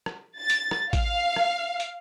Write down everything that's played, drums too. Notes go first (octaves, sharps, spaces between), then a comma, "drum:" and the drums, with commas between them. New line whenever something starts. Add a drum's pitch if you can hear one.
drum: rim click
A6
drum: hi-hat
drum: rim click
F5, drum: kick A1, hi-hat
drum: rim click
drum: hi-hat